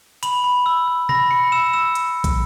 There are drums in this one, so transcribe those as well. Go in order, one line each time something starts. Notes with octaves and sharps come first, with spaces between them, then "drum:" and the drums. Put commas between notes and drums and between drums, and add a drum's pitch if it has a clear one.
B5 F#7, drum: hi-hat
B5
E6
E6
B5 A#6, drum: tom B2
B5 C#7
E6 E7
E6 E7
drum: hi-hat
drum: kick, hi-hat